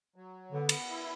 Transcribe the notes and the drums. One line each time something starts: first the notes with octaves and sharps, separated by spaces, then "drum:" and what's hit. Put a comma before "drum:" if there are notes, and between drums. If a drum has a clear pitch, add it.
F#3
D3 B3
drum: cymbal
E4